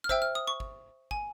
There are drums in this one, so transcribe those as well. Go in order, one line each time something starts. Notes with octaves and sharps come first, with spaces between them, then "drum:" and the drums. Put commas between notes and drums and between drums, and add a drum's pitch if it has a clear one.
F6
C5 E5 G5 E6, drum: kick
F6
D#6
C#6
drum: kick
G#5, drum: kick